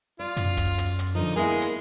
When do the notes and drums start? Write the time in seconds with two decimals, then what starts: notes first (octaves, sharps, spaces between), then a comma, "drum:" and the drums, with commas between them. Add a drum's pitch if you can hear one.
0.19 F4 D5
0.37 F#2, drum: hi-hat
0.57 drum: kick, hi-hat
0.78 drum: hi-hat
0.99 drum: hi-hat
1.15 D3 F3 D#4
1.36 G#3 A#3 B3 E4 G#4
1.61 drum: hi-hat